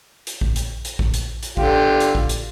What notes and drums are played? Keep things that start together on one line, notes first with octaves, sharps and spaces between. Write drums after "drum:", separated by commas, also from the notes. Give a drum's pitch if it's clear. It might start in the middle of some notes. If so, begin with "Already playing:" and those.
drum: hi-hat
drum: kick A1
drum: hi-hat
drum: hi-hat
drum: kick A1
drum: hi-hat
drum: hi-hat
D3 F4 G4, drum: kick A1
drum: hi-hat
drum: kick A1
drum: hi-hat